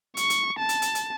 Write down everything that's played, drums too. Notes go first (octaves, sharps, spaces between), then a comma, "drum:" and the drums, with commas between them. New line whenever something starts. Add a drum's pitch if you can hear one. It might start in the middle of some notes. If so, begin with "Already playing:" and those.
C#6, drum: hi-hat
drum: hi-hat
A5
drum: hi-hat
drum: hi-hat
drum: hi-hat